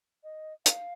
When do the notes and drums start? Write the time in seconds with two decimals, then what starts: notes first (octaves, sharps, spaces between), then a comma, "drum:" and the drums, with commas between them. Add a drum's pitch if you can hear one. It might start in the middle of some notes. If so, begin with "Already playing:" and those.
0.24 D#5
0.66 F5, drum: hi-hat